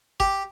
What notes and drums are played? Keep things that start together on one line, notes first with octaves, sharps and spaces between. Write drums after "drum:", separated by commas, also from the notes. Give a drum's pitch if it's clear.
G4, drum: kick